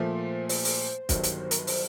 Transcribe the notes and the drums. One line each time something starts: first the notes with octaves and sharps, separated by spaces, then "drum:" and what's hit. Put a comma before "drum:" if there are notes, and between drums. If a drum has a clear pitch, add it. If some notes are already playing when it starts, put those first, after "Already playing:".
Already playing: A#2 F3 A3 C5
C5, drum: open hi-hat
drum: open hi-hat
G1 G2 D#3 F#3, drum: kick, hi-hat
drum: hi-hat
A#4, drum: hi-hat
B4
C5, drum: open hi-hat